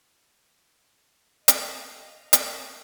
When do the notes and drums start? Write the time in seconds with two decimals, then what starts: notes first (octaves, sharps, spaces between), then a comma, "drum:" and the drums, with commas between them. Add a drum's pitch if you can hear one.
1.48 G4 B4 C5 D#5 F5, drum: hi-hat
2.33 A#4 C#5, drum: hi-hat